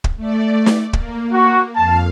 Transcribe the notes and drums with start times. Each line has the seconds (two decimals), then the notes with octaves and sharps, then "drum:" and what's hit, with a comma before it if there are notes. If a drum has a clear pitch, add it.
0.04 drum: kick
0.16 A3 D5
0.66 drum: snare
0.93 A#3, drum: kick
1.33 F#4
1.76 F2 F5 A5